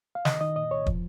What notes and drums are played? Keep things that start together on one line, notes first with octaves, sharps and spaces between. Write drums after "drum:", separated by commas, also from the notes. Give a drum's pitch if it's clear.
F5
D#3 D#5, drum: snare
D#3 D#5
A#2 D#5
C2 C#5
F3, drum: kick